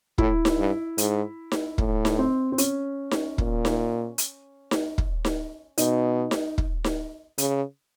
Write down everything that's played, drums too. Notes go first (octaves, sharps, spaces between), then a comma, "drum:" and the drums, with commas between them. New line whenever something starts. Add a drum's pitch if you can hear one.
A2 E4, drum: kick
drum: snare D#4
G2
G#2, drum: hi-hat
drum: snare D#4
A2, drum: kick
drum: snare D#4
C4
C4
C#4, drum: hi-hat
drum: snare D#4
A#2, drum: kick
drum: snare D#4
drum: hi-hat
drum: snare D#4
drum: kick
drum: snare D#4
B2 D#4, drum: hi-hat
drum: snare D#4
drum: kick
drum: snare D#4
C#3, drum: hi-hat